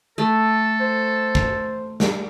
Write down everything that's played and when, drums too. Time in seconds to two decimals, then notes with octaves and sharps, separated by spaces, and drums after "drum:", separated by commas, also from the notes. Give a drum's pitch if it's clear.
0.18 A3 A4
0.80 C5
1.35 drum: kick
2.00 drum: snare